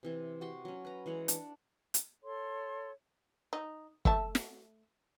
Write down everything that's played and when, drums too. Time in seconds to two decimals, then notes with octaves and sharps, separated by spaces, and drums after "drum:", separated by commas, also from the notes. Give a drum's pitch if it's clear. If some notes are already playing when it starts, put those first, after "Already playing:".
0.03 C3 E3 C4
0.41 F#4 G4 C6
0.65 F#3 C#4
0.85 B4 A#5
1.06 E3 G#3 F#5 A#5
1.28 D4, drum: hi-hat
1.94 drum: hi-hat
2.23 A4 C#5 C6
3.53 D#4
4.05 A3 E5 A5, drum: kick
4.35 drum: snare